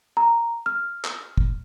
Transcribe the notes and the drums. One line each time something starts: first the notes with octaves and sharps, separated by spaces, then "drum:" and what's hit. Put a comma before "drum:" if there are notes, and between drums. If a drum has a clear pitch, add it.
A#5
F6
drum: clap
drum: kick